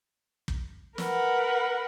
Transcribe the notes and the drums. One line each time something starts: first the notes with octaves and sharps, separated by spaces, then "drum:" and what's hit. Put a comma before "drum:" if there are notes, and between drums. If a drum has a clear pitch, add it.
drum: kick
A#4 B4 F#5, drum: snare